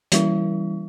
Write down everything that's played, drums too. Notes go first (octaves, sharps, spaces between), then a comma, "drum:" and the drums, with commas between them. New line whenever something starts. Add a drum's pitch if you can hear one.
E3 G3 E4, drum: hi-hat